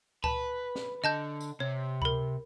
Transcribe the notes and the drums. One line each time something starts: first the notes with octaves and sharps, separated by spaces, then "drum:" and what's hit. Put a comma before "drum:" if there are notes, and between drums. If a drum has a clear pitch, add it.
B4 A5, drum: kick C#2
drum: snare
D3 D#5 A5 G6
drum: tambourine
C3 C#5
A#4 B5, drum: kick C#2